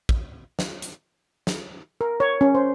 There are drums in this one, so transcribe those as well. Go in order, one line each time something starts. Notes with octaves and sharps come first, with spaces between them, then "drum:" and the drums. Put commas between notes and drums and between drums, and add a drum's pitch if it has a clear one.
drum: kick
drum: snare
drum: hi-hat
drum: snare
A#4
C#5
C#4
C5